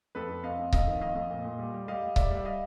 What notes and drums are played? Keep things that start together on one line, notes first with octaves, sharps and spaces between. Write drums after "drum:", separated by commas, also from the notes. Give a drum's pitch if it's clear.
F2 A4 B4
F2
C3 D#5 F5
F2
F2 D#5 F5, drum: kick C#1
D#3
F2 D#5 F5
F2
A#2
A#2
G3
G3
G3 D#5 F5
G3
G3 D5 E5, drum: kick C#1
G3 E5
D#5 F5